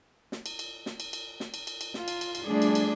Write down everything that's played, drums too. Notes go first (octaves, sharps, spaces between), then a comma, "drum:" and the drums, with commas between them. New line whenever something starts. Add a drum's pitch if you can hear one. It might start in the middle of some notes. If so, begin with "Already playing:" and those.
drum: snare
drum: cymbal
drum: cymbal
drum: snare
drum: cymbal
drum: cymbal
drum: snare
drum: cymbal
drum: cymbal
drum: cymbal
F4, drum: snare
drum: cymbal
drum: cymbal
drum: cymbal
F3 G3 A3 D4 G#4 D5
drum: cymbal
drum: cymbal